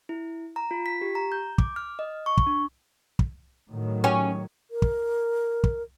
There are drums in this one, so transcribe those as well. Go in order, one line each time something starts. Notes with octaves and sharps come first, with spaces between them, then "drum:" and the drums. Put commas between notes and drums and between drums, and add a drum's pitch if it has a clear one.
E4
A#5
F4
B6
G4
A#5
G6
D6, drum: kick
F6
D#5
C#6
drum: kick
D4
drum: kick
A2 D#3 F#3
C#4 F#4 G4 C#5
A#4
drum: kick
drum: kick